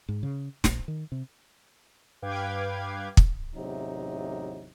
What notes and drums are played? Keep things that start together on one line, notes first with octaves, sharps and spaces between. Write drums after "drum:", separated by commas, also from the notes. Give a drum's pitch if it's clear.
G#2
C#3
A#1, drum: snare
D#3
C3
G2 B4 F5 G5 D6 G#6
drum: kick
A1 E2 C3 F#3 D#4